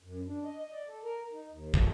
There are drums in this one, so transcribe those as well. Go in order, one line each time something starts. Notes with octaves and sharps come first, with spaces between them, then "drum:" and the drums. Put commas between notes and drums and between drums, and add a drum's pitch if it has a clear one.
F#2
D4
D#5
D#5
D5
A4
A#4
D#4
D#2
A4, drum: kick